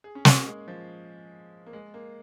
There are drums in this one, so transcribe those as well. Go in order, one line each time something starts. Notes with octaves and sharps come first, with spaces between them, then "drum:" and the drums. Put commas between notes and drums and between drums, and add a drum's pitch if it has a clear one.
G#4
C#4
A#3, drum: snare
G#3
F3
A#3
G#3
A#3